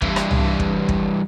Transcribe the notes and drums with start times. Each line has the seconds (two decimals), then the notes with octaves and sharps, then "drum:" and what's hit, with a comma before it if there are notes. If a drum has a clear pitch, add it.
0.02 G2 E3, drum: kick
0.16 drum: rim click
0.31 drum: tom
0.60 drum: kick
0.89 drum: kick